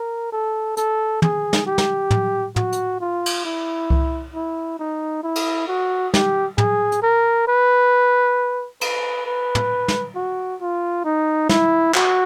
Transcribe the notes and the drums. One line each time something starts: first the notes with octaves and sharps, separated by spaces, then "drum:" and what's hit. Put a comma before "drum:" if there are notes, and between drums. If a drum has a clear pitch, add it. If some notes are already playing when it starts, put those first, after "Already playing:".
Already playing: A#4
A4
A4, drum: hi-hat
G#4, drum: tom
drum: snare
G4
drum: snare
drum: tom
F#4, drum: tom
drum: hi-hat
F4
drum: cymbal
E4
drum: kick C2
E4
D#4
E4
drum: cymbal
F#4
G4, drum: snare
G#4, drum: tom
drum: hi-hat
A#4
B4
B4, drum: cymbal
B4
drum: tom
drum: snare
F#4
F4
D#4
E4, drum: snare
F#4, drum: clap